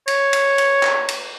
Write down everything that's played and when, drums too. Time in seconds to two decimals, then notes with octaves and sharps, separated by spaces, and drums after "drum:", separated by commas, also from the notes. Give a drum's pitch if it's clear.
0.08 C#5, drum: cymbal
0.33 drum: cymbal
0.58 drum: cymbal
0.83 drum: clap
1.09 drum: cymbal